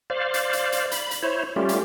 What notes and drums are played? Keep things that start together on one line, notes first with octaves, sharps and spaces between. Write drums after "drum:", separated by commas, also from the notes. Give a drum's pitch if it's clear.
C5 D5 F5
drum: hi-hat
drum: hi-hat
drum: hi-hat
B5, drum: hi-hat
drum: hi-hat
E4 C5 C#5
G3 A3 C#4 F4 G4
drum: hi-hat